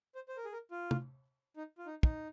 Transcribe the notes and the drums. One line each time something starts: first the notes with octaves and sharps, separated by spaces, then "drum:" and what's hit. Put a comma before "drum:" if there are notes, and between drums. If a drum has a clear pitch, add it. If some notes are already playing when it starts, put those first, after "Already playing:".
C5
C5
A#4
G#4
A#4
F4
drum: tom
D#4
F4
D#4
D#4, drum: kick